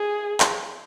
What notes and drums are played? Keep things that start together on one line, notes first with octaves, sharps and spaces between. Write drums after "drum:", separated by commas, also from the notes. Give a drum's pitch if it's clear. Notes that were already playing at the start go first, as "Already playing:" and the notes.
Already playing: G#4
drum: clap